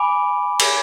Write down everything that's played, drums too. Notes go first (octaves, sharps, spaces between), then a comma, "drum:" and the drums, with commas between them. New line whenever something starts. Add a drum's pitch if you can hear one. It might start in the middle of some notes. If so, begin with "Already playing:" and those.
Already playing: G#5 B5 D6
drum: cymbal